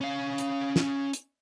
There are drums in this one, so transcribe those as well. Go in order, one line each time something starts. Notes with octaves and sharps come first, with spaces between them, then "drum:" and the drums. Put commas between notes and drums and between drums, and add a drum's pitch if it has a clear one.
C#4 F5
drum: hi-hat
drum: snare
drum: hi-hat